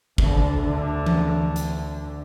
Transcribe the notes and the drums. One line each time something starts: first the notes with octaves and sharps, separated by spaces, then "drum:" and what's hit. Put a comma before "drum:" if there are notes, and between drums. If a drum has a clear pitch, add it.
D2 D3, drum: kick
drum: tom E3
drum: hi-hat